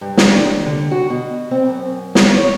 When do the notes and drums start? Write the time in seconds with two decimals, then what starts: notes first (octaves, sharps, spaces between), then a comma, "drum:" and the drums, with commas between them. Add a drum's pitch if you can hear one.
0.01 G2
0.17 D4, drum: snare
0.36 D#2
0.66 D3
0.91 F#4
1.10 B2
1.51 C4
1.67 F#2
2.15 B3, drum: snare
2.37 C#5